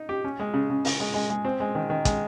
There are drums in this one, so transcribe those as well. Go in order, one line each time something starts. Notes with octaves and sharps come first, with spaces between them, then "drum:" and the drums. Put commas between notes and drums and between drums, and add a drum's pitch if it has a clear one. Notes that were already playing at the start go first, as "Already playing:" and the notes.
Already playing: D#4
G4
C#4
G#3
C#3
C#3
C#3, drum: open hi-hat
G#3
G#3
G#3
C4
G#3
D#3
D#3
G#3, drum: kick, hi-hat